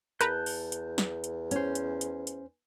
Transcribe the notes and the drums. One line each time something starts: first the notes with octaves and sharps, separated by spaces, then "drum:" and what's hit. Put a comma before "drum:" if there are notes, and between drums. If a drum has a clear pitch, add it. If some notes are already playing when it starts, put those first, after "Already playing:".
E2 A#4 B4 A5 A#5 F#6 G6, drum: hi-hat
drum: open hi-hat
drum: hi-hat
drum: snare
drum: hi-hat
C#4 C5, drum: hi-hat
drum: hi-hat
drum: hi-hat
drum: hi-hat